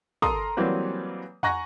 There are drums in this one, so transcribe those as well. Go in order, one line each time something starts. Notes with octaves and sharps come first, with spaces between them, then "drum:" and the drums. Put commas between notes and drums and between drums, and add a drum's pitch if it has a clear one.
A4 A#4 A#5 C6 D#6, drum: kick
E3 F#3 G3 A#3 C4 B4
F#5 G#5 A#5 C#6 F#6 A#6, drum: tom